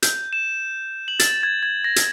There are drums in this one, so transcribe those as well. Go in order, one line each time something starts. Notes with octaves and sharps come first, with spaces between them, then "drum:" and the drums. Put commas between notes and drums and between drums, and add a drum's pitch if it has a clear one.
G6, drum: hi-hat
E7
F#7
A6, drum: hi-hat
G#6
G#6
A#6
drum: hi-hat